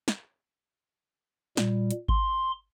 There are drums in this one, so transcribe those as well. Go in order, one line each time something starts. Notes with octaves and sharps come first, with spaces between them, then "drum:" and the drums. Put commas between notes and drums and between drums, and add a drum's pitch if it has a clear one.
drum: snare
A#2 G3, drum: snare
drum: hi-hat
C6, drum: kick G#1